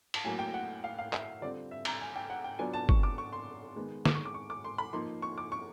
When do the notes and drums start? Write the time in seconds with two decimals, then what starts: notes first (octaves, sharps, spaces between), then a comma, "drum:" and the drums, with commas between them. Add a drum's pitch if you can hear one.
0.14 A5, drum: cymbal
0.24 A2 F#3 A#3 G#5
0.39 G5
0.54 F#5
0.84 F5
0.99 F5
1.13 E5, drum: clap
1.41 D3 G3 C4 F4 D5
1.71 E5
1.85 A#5, drum: cymbal
2.01 G#5
2.16 G5
2.30 F#5
2.44 G5
2.59 F#3 B3 D4 F4 G#5
2.73 A5
2.89 C#6, drum: kick
3.03 D6
3.18 C#6
3.33 C6
3.76 D#3 G#3 B3
4.05 D6, drum: snare
4.15 C#6
4.25 D6
4.34 C#6
4.50 D6
4.64 C6
4.78 B5
4.93 F3 A#3 D#4 C6
5.22 C#6
5.38 D6
5.52 C#6